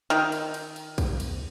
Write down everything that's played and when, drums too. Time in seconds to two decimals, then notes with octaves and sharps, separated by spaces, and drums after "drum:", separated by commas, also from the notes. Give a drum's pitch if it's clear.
0.10 D#3, drum: snare
0.32 drum: cymbal
0.54 drum: cymbal
0.76 drum: cymbal
0.98 drum: kick, cymbal
1.20 drum: cymbal